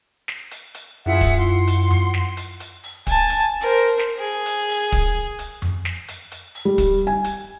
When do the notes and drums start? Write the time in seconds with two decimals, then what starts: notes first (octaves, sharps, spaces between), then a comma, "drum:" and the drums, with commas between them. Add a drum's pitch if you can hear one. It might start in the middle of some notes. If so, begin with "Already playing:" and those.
0.28 drum: snare
0.51 drum: hi-hat
0.75 drum: hi-hat
1.06 F#2 E4 F4 G#4 E5 F#5
1.21 drum: kick, hi-hat
1.38 F#5 C6
1.67 drum: hi-hat
1.91 drum: tom F2
2.14 drum: snare
2.37 drum: hi-hat
2.60 drum: hi-hat
2.83 drum: open hi-hat
3.07 G#5 A5, drum: kick, hi-hat
3.30 drum: hi-hat
3.61 A#4 C5
4.00 drum: snare
4.18 G#4
4.46 drum: hi-hat
4.69 drum: open hi-hat
4.92 drum: kick, hi-hat
5.39 drum: hi-hat
5.62 drum: tom F2
5.85 drum: snare
6.08 drum: hi-hat
6.32 drum: hi-hat
6.55 drum: open hi-hat
6.65 G3
6.78 drum: kick, hi-hat
7.07 G#5
7.25 drum: hi-hat